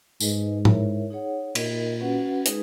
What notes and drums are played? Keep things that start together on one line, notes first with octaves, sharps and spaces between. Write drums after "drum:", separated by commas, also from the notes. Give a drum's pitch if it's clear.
G#2 G#3 D#4 G#4 B4 D#5, drum: tambourine
E4 A#4 C#5 E5, drum: tom A2
D#4 G#4 C#5 F#5
A#2 D#4 A#4 D#5, drum: cymbal
C#4 F#4 B4 F#5
G#3 D#4 G#4 B4, drum: hi-hat